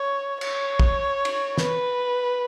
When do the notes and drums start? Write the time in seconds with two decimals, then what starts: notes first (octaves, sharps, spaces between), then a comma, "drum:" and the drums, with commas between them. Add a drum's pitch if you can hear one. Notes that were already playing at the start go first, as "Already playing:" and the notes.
Already playing: C#5
0.41 C#5, drum: cymbal
0.80 drum: kick
1.25 drum: cymbal
1.58 B4, drum: snare